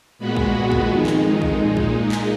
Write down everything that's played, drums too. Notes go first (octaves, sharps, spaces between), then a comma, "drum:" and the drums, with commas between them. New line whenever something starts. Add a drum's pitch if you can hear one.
A#2 G#3 B3 F#4 B4
drum: kick
drum: kick
F2 D#3 G#3 D#4
drum: clap
drum: kick
A#2 G#3 D#4
drum: kick
drum: clap